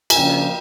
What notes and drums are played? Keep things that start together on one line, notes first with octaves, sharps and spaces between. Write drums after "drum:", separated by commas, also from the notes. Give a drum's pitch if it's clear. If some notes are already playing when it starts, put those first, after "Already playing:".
G#5, drum: cymbal
C#3 F3 A#3 D4 G5